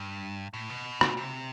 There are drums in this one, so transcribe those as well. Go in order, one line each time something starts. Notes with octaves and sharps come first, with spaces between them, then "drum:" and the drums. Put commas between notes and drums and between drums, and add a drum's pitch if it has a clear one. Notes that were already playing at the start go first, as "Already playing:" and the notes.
Already playing: G2
A2
B2
drum: rim click
C3